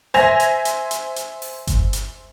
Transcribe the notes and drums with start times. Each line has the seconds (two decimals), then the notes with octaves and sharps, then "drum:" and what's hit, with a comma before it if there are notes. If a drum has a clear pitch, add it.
0.14 C5 E5 G#5 G#6 A#6 F7, drum: snare
0.40 drum: hi-hat
0.65 drum: hi-hat
0.91 drum: hi-hat
1.16 drum: hi-hat
1.42 drum: open hi-hat
1.67 drum: kick G1, hi-hat
1.93 drum: hi-hat